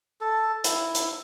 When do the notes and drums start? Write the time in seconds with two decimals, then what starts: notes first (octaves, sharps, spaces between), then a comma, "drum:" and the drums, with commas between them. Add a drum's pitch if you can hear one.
0.21 A4
0.64 E4, drum: hi-hat
0.95 drum: hi-hat